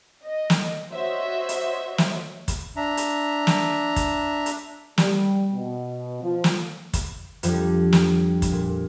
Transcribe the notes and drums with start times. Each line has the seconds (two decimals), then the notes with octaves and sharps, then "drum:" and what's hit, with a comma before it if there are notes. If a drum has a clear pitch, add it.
0.22 D#5
0.50 drum: snare
0.93 F#4 C5 C#5 D#5 E5
1.49 drum: hi-hat
1.98 drum: snare
2.48 drum: kick, hi-hat
2.76 D4 E5 A#5
2.97 drum: hi-hat
3.47 drum: snare
3.96 drum: kick, hi-hat
4.46 drum: hi-hat
4.98 G3, drum: snare
5.53 B2
6.23 F3
6.44 drum: snare
6.93 drum: kick, hi-hat
7.43 F2 F3 G3 D4, drum: hi-hat
7.93 drum: snare
8.42 drum: kick, hi-hat
8.51 A#2